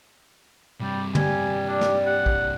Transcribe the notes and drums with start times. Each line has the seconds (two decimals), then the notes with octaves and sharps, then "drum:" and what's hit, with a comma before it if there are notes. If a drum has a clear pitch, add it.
0.81 G2 C3 G3
1.15 G3 G#5, drum: tom
1.67 D4 D5
1.81 drum: snare
2.07 F#5
2.26 drum: kick A#1